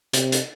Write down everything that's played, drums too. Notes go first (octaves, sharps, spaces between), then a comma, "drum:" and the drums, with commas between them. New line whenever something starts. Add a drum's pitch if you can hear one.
C3, drum: hi-hat
drum: hi-hat